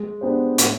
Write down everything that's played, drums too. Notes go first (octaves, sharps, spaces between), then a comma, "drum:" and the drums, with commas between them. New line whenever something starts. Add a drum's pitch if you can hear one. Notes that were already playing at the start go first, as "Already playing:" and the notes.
Already playing: G#3
B3 D4 G4 C5
A2, drum: hi-hat